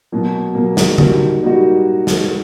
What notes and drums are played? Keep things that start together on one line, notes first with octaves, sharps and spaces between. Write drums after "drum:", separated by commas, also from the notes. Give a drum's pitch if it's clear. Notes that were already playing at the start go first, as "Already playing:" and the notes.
B2 F#3 A#3
B2 F#3 A#3
drum: snare
G3 A#3 D#4 F#4, drum: tom C#3
G3 A#3 D#4 F#4
drum: snare